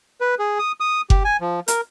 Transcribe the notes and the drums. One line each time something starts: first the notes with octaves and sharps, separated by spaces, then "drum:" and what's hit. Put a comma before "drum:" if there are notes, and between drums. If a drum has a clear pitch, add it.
B4
G#4
D#6
D#6
G4, drum: kick F#1
G#5
F3
A#4, drum: hi-hat